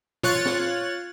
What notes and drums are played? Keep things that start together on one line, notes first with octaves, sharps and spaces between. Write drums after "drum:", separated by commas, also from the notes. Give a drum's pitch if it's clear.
F4 C#5 F#6 A6, drum: tom A#2
drum: snare